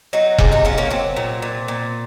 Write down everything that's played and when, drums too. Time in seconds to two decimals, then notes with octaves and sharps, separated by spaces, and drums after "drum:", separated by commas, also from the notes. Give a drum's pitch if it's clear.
0.13 F#3 D#4 F#4
0.38 C3 F4 G#4, drum: kick F1
0.52 D#4 F#4
0.65 F#3 C#4 F4
0.78 A#3 C#4
0.90 F#3 C4
1.17 A#2
1.42 A#2
1.68 A#2